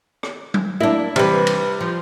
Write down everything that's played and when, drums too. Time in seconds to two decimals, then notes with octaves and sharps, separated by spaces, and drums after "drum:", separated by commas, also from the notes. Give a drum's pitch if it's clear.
0.23 drum: rim click
0.54 drum: tom F#3
0.80 A#3 D4 E4
1.16 C3 E3 G3 B4, drum: cymbal
1.47 drum: cymbal
1.81 F3